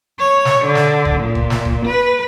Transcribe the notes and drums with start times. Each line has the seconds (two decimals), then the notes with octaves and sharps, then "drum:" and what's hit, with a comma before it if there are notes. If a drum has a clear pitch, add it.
0.19 C#5
0.45 drum: snare
0.65 D3
0.75 drum: snare
1.05 drum: kick F1
1.20 A#2
1.35 drum: kick F1
1.50 drum: snare
1.65 drum: kick F1
1.86 B4